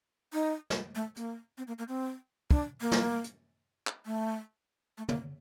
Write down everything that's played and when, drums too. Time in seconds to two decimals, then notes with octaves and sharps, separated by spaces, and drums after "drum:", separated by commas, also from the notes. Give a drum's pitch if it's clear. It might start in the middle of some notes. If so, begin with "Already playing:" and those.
0.33 D#4
0.70 drum: snare
0.95 A3
1.16 A#3, drum: hi-hat
1.58 C4
1.67 A#3
1.78 A#3
1.88 C4
2.51 D4, drum: kick
2.81 A#3
2.92 drum: snare
3.24 drum: hi-hat
3.87 drum: clap
4.06 A3
4.98 A3
5.09 A#3, drum: tom